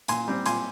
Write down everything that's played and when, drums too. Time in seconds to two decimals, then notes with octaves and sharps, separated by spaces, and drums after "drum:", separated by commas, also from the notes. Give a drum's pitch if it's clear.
0.08 A#2 G#5 C6, drum: hi-hat
0.28 G3 C4
0.46 A#2 G#5 C6, drum: hi-hat